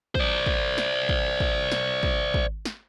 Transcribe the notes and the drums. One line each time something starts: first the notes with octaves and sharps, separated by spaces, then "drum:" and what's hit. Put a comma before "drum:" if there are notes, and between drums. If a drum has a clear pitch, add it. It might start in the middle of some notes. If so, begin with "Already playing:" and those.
C5 D5, drum: kick
drum: kick
drum: snare
drum: kick
drum: kick
drum: snare
drum: kick
drum: kick
drum: snare